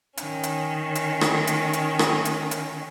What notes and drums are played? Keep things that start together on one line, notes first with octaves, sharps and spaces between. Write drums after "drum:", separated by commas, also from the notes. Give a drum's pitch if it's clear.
D#3 C#4, drum: hi-hat
drum: hi-hat
drum: hi-hat
drum: rim click
drum: hi-hat
drum: hi-hat
drum: rim click
drum: hi-hat
drum: hi-hat